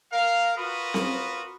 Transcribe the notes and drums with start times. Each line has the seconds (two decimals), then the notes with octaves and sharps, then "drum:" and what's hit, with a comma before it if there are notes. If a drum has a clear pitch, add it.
0.13 A#4 F5
0.57 F4 F#4 A#4 B4 B5 D#6
0.94 drum: snare C4